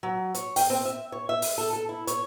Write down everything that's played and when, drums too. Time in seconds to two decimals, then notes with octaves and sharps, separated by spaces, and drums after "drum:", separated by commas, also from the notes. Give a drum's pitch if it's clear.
0.03 F#3
0.34 C#5, drum: hi-hat
0.56 G5, drum: open hi-hat
0.70 C4
0.85 E5
1.12 C#5
1.29 E5
1.42 drum: open hi-hat
1.58 A4
1.73 A4
1.89 E4
2.07 C#5, drum: hi-hat